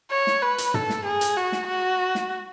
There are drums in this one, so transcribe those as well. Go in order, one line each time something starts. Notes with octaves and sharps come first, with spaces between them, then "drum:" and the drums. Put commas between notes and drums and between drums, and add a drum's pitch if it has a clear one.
C#5
drum: snare
B4
drum: hi-hat
A4, drum: tom
drum: snare
G#4
drum: hi-hat
F#4
drum: snare
F#4
drum: snare